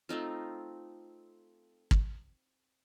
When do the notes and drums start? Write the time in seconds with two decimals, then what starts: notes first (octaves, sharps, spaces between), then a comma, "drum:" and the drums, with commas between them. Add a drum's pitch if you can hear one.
0.09 A3 C4 D#4 F4
1.91 drum: kick